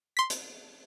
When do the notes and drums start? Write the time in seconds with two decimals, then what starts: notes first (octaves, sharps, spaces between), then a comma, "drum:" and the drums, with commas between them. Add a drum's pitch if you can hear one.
0.17 C6 B6
0.30 drum: hi-hat